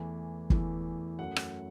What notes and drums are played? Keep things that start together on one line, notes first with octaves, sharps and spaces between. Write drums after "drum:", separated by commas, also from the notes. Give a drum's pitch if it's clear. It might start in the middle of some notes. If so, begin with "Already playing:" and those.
Already playing: E2 E3 A3
E2 E3 A3, drum: kick
F#2 F#3 A3 F#5
drum: rim click